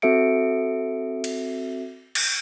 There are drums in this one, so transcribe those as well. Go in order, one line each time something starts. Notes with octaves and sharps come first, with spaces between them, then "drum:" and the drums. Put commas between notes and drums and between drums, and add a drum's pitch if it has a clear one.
C4 F#4 A4 E5 C#7 D7
drum: cymbal
drum: cymbal